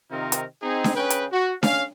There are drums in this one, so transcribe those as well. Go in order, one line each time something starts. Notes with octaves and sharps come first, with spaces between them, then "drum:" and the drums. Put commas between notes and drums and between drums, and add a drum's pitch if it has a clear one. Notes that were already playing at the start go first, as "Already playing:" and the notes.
C3 D#3 C4 D#4 F4 A#4
drum: hi-hat
C4 D#4 G#4
drum: snare D4
C#3 B4 G5
drum: hi-hat
F#4
C#4 F5, drum: snare D4